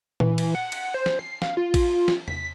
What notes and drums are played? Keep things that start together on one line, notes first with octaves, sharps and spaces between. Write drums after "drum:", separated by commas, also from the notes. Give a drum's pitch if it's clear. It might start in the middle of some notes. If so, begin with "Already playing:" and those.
E3, drum: tom A#2
drum: cymbal
F#5
drum: cymbal
C5
drum: snare
C7
F5, drum: snare
F4
drum: kick A1, cymbal
drum: snare
B6, drum: tom E2